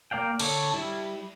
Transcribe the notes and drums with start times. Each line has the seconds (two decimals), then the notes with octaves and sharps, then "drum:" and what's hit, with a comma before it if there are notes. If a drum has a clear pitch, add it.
0.11 A#3 D5 F5 G5
0.39 D3 A4 C#5, drum: cymbal
0.73 G3 E4